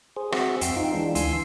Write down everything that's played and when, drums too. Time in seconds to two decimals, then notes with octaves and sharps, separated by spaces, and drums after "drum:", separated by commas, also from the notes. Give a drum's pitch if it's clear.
0.16 G#4 C5
0.32 C4 F#4 G#4 C5 E5 F#5, drum: rim click
0.61 F2 C4 G5 C6 E6, drum: hi-hat
0.76 D#4 F4 F5 G5
0.94 E3 G#3 D4
1.15 D2 E3 F5 G#5 C6 E6, drum: hi-hat